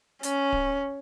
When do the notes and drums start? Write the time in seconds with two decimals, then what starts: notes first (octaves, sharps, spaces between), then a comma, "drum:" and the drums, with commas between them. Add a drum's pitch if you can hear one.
0.23 C#4, drum: hi-hat
0.53 drum: kick D1